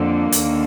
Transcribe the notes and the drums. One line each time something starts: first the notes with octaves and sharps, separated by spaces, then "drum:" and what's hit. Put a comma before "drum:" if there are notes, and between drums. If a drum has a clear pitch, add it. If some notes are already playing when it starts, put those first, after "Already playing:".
Already playing: F2 D3 A#3
D#2 D3, drum: hi-hat